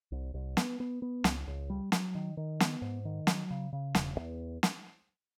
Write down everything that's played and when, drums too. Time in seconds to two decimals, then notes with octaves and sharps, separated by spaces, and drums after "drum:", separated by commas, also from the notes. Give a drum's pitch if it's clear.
0.12 C2
0.34 C2
0.57 B3, drum: snare
0.80 B3
1.02 B3
1.24 C#2, drum: snare
1.47 C#2
1.70 G3
1.92 F#3, drum: snare
2.15 D#3
2.37 D#3
2.60 B3, drum: snare
2.82 G#2
3.05 D#3
3.27 F#3, drum: snare
3.51 C#3
3.73 C#3
3.95 E1, drum: snare
4.18 E2
4.63 drum: snare